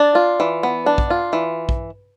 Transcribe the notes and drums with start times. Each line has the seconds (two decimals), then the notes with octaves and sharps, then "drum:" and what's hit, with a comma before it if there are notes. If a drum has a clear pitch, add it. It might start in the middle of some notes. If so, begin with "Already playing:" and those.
Already playing: D4 D5
0.15 F4
0.40 E3
0.63 B3
0.86 D4
0.98 drum: kick
1.10 F4
1.33 E3
1.69 drum: kick